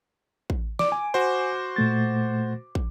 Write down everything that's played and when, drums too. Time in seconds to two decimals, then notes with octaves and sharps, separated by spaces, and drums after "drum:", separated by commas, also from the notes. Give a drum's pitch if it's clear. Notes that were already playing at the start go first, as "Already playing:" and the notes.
0.50 drum: kick
0.79 D5 D6, drum: snare
0.92 G#5
1.14 F#4 C5
1.76 A#2 A3 A6
2.75 drum: kick